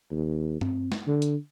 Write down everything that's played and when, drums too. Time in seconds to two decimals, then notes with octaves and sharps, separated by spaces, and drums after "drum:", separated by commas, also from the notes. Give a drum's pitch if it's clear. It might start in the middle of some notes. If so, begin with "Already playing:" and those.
0.11 D#2
0.61 C4, drum: tom G2
0.92 drum: snare
1.07 D3
1.22 drum: hi-hat